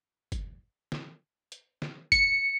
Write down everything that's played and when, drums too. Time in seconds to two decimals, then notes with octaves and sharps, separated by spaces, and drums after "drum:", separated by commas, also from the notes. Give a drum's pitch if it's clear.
0.32 drum: kick, hi-hat
0.92 drum: snare
1.52 drum: hi-hat
1.82 drum: snare
2.12 C#7, drum: kick, hi-hat